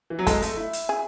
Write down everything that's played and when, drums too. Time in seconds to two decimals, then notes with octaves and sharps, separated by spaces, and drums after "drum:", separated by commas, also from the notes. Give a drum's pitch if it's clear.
0.10 E3
0.19 F#3
0.27 G#3 A4, drum: kick, hi-hat
0.42 A3, drum: hi-hat
0.57 E4
0.73 drum: hi-hat
0.89 G#4